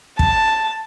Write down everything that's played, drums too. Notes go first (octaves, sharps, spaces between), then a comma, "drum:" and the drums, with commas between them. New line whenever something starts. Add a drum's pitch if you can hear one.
A5, drum: kick